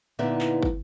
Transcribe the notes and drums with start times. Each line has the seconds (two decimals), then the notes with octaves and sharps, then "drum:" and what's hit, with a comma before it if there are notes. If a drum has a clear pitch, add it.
0.19 A#2 D3 B3 D#4 E4 E5
0.41 drum: clap
0.63 drum: kick